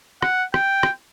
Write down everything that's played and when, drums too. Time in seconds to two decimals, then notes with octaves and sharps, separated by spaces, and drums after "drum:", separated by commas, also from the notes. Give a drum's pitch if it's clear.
0.22 F#5, drum: rim click
0.54 G5, drum: rim click
0.83 drum: rim click